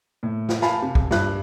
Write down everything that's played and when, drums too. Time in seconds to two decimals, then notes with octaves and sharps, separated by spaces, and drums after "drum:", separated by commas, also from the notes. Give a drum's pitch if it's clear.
0.23 A2
0.49 drum: snare
0.62 F5 G#5 A5 B5, drum: snare
0.82 C3
0.95 drum: kick
1.11 G2 F#6, drum: snare